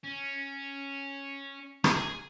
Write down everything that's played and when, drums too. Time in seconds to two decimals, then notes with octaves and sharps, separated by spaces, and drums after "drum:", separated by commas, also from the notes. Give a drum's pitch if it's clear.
0.04 C#4
1.84 G#4, drum: rim click